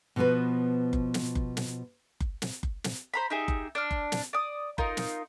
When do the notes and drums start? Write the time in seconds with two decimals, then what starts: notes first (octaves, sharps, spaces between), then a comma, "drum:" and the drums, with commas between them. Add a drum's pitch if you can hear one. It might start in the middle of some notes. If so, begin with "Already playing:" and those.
0.16 B2 F3 B3 F#4 B4
0.93 drum: kick F#1
1.14 drum: snare
1.35 drum: kick F#1
1.57 drum: snare
2.20 drum: kick F#1
2.42 drum: snare
2.63 drum: kick F#1
2.84 drum: snare
3.14 C5 A#5 B5
3.30 D#4 G4 G#4 E5
3.48 drum: kick F#1
3.75 D4 F6
3.91 drum: kick F#1
4.12 drum: snare
4.33 D5 D#6
4.78 D#4 F4 A#4, drum: kick F#1
4.97 drum: snare